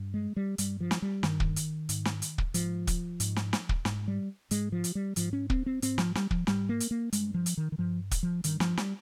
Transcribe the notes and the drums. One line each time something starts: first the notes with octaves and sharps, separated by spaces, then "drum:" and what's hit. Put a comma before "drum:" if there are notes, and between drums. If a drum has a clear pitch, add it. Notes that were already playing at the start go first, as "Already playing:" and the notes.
Already playing: G2
G#3
G3
G2 G3, drum: hi-hat
F3
drum: snare
G3
G2 D#3, drum: snare
drum: kick
drum: hi-hat
G#2, drum: hi-hat
drum: snare
drum: hi-hat
drum: kick
G#2 F3, drum: hi-hat
drum: kick, hi-hat
G#2, drum: hi-hat
drum: snare
drum: snare
drum: kick
G#2, drum: snare
G3
G#2 G#3, drum: hi-hat
F3
drum: hi-hat
G3
G#2 F3, drum: hi-hat
C#4
C4, drum: kick
C4
G#2 C4, drum: hi-hat
F3, drum: snare
G3, drum: snare
F3, drum: kick
G#2 G3, drum: snare
A#3
drum: hi-hat
A#3
G2 G#3, drum: hi-hat
F3
drum: hi-hat
D#3
D#3
G2 F3
drum: kick, hi-hat
F3
G2 D#3, drum: hi-hat
F3, drum: snare
G3, drum: snare